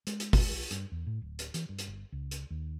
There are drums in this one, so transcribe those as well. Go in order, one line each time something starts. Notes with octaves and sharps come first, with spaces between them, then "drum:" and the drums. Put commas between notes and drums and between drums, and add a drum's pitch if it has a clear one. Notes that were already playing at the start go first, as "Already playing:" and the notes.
G#3, drum: hi-hat
drum: hi-hat
drum: kick G1, open hi-hat
B1
G2, drum: hi-hat
E2
A2
D1
drum: hi-hat
E3, drum: hi-hat
G2
drum: hi-hat
G1
C#2
drum: hi-hat
D#2